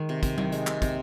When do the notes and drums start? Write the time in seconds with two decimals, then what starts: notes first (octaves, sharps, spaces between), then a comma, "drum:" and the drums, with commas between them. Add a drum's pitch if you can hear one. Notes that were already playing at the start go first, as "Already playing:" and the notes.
Already playing: D#3 G#3
0.09 C3
0.23 C3, drum: kick, hi-hat
0.38 D#3, drum: tom F#3
0.52 G#3, drum: hi-hat
0.67 C3, drum: clap
0.82 C3, drum: kick, hi-hat